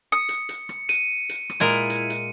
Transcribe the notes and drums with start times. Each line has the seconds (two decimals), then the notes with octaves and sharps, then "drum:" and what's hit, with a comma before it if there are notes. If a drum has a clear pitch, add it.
0.12 D#6 C#7
0.29 drum: hi-hat
0.49 drum: hi-hat
0.69 drum: rim click
0.89 D#7, drum: hi-hat
1.29 drum: hi-hat
1.50 drum: rim click
1.60 A#2 G#3 E4 A#4
1.70 drum: hi-hat
1.90 drum: hi-hat
2.10 drum: hi-hat